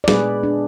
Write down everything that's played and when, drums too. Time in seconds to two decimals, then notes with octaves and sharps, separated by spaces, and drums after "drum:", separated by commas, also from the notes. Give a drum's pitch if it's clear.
0.04 D5
0.08 A#2 G#3 B3 D4 G#4 B4, drum: snare
0.43 D4